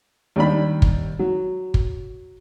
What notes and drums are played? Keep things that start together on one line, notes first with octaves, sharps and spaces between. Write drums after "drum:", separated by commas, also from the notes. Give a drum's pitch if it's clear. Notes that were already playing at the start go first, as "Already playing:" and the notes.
D#2 G3 D4 B5
drum: kick
F#3
drum: kick